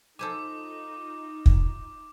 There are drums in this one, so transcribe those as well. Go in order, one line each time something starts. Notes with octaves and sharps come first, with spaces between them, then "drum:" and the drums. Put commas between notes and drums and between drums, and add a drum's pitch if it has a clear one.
D#4 F4 A4 C5 G#5 D6
drum: kick